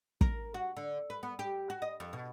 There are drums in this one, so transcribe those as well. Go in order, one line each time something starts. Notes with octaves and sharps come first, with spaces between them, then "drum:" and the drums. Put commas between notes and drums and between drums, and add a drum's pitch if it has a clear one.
A#4, drum: kick
F#4
D3
B4
B3
G4
F#4
D#5
F2
B2